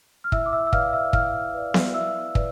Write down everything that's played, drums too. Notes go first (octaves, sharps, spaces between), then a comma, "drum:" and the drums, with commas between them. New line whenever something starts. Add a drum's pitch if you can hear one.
F6
E4 E5 E6, drum: kick
D6
E5 E6
E6
B4 D5 F5 F6, drum: kick
E5 E6
E4 F5 F6, drum: kick
B4 D5
drum: snare B3
E4 E5 E6
B4 D5, drum: kick